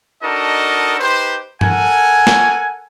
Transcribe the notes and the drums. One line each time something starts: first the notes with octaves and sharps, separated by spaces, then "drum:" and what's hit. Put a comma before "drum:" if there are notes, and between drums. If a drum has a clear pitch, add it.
D4 D#4 F#4 A4 A#4 D#5
D#4 G4 B4 C5
A4 A#4 F#5 G#5, drum: tom
drum: snare